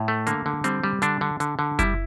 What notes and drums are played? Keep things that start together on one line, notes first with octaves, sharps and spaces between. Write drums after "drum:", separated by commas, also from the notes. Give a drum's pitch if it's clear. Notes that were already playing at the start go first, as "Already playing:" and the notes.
Already playing: A2
A3
D3 A#3, drum: hi-hat
D3
G3 C4, drum: hi-hat
G3
D3 D4, drum: hi-hat
D3
D3, drum: hi-hat
D3
G3 E4, drum: kick F#1, hi-hat